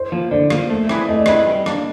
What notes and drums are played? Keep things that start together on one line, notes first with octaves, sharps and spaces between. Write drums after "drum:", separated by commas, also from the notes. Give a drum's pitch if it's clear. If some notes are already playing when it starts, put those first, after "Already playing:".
Already playing: C5
F3 A#3
D3 D5
F3 A#3, drum: rim click
A3
C4 E4 G#4 B4, drum: rim click
A3 D#5
D5
C4 E4 G#4 B4 D#5, drum: rim click
G3
A#3 D4, drum: rim click